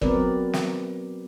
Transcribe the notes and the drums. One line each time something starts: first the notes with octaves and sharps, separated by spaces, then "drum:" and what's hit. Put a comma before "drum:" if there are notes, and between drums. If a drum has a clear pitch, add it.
F#3 B3 C4 A#4 B4 D5, drum: kick
drum: snare